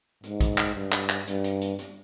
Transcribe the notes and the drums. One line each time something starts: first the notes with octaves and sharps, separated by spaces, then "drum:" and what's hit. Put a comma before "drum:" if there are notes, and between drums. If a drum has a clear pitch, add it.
G#2, drum: hi-hat
drum: kick, hi-hat
drum: clap
G2
drum: clap
drum: clap
G2, drum: hi-hat
drum: hi-hat
drum: hi-hat
drum: hi-hat